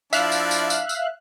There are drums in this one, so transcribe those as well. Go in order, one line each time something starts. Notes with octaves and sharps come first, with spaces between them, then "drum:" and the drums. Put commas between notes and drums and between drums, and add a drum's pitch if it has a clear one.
F3 D4 E4 E5 F5 F#6, drum: tambourine
drum: tambourine
drum: tambourine
drum: tambourine
drum: tambourine